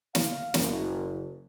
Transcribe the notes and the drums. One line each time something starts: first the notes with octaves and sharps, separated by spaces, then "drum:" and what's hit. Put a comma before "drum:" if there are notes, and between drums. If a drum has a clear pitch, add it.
F5, drum: snare
F#1, drum: snare